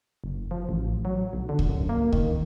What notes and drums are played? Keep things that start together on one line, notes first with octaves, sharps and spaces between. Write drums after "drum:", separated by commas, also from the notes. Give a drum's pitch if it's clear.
F#1
F3
A1
F#3
B1
D3
drum: kick C#2
F#2
A#3
D#3, drum: kick C#2